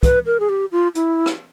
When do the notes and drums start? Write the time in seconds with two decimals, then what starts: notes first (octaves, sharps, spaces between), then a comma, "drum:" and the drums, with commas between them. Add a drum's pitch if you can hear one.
0.03 B4, drum: kick, hi-hat
0.26 A#4
0.40 G#4
0.49 G4
0.72 F4
0.95 E4, drum: hi-hat
1.26 drum: rim click